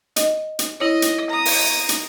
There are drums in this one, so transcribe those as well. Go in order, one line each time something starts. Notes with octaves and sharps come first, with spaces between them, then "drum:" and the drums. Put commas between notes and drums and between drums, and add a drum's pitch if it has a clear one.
D#5, drum: hi-hat
drum: hi-hat
E4 C#5 D#5
drum: hi-hat
A#5 D#6
drum: open hi-hat
drum: hi-hat